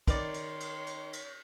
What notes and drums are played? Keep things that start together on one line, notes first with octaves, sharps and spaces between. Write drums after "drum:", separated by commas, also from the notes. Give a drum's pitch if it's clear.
D#3 B4 C#5 D5 C6, drum: kick, cymbal
drum: cymbal
drum: cymbal
drum: cymbal
drum: cymbal